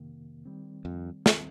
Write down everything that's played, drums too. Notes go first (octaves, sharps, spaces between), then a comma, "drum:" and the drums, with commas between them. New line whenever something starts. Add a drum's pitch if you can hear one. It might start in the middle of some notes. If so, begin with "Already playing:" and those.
Already playing: F2 C3 D#3 A#3
D#3 G3 C4
F2
D#3 G3 C4, drum: snare